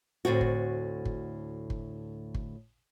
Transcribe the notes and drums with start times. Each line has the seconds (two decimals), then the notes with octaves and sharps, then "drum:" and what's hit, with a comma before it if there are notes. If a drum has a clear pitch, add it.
0.25 D2 A2 C4 F#4
0.41 drum: kick G1
1.05 drum: kick G1
1.70 drum: kick G1
2.34 drum: kick G1